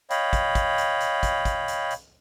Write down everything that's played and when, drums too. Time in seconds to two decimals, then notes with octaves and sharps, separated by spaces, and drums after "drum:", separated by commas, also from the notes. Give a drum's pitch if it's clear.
0.10 C#5 D#5 F5 G5 B5, drum: hi-hat
0.33 drum: kick, hi-hat
0.55 drum: kick, hi-hat
0.78 drum: hi-hat
1.00 drum: hi-hat
1.23 drum: kick, hi-hat
1.45 drum: kick, hi-hat
1.68 drum: hi-hat
1.90 drum: hi-hat